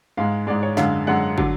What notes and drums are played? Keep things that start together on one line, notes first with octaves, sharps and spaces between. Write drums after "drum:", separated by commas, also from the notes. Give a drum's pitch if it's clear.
G#2 G#3 F5
G#2 G#3 D5
C#5
F#2 D3 G#3 F5, drum: snare
F#2 D3 G#3 F#5
D3 F#3, drum: kick